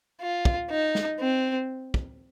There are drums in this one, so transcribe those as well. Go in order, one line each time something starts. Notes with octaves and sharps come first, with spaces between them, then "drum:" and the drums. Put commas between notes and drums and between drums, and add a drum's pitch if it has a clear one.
F4
drum: kick
D#4
drum: snare
C4
drum: kick